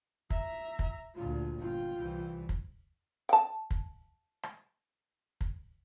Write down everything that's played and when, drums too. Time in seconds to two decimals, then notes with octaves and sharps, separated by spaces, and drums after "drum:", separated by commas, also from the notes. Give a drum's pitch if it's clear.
0.30 E5 A#5, drum: kick
0.79 drum: kick
1.15 D2 A#2 F4
1.59 G1 F4 G5
1.98 C2 E3
2.49 drum: kick
3.29 G5 A5
3.71 drum: kick
4.43 drum: rim click
5.41 drum: kick